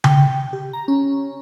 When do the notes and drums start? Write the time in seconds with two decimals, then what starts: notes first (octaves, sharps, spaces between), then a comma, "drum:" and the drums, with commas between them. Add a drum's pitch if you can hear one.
0.04 G5, drum: tom C#3
0.53 G4
0.73 A#5
0.88 C#4